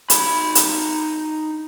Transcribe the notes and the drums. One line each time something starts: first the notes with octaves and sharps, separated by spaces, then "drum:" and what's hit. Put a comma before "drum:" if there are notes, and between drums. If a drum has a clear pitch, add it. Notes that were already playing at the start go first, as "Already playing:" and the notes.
D#4 B5, drum: hi-hat
drum: hi-hat